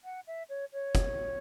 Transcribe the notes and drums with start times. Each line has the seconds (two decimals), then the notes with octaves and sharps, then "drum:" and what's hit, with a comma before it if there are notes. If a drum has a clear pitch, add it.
0.04 F#5
0.27 E5
0.49 C#5
0.73 C#5
0.95 drum: kick, hi-hat